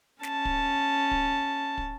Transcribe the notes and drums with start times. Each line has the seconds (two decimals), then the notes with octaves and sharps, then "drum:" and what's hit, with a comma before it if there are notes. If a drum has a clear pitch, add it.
0.23 C#4 A5, drum: snare
0.45 drum: kick
1.11 drum: kick
1.78 drum: kick